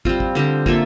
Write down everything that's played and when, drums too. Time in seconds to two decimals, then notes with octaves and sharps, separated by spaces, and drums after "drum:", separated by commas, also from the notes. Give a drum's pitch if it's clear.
0.05 G3 C4 F4, drum: kick
0.20 drum: kick
0.35 D3 G3 C4
0.66 A#3 F4 A4 E5, drum: kick